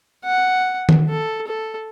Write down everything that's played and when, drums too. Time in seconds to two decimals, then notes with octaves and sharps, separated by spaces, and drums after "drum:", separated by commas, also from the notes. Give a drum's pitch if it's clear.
0.25 F#5
0.89 drum: tom D#3
1.09 A4
1.47 A4